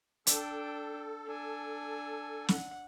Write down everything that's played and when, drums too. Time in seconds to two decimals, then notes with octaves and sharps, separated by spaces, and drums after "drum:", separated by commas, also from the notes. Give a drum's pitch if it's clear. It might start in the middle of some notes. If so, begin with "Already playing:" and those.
0.27 D4 A4 G5, drum: hi-hat
1.27 D4 G#5
2.48 F#5, drum: snare